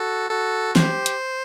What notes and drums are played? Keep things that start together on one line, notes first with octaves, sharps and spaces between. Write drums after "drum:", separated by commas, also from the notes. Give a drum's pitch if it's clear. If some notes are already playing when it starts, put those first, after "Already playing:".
Already playing: F#4 A4
F#4 A4
G4 C5, drum: snare
drum: hi-hat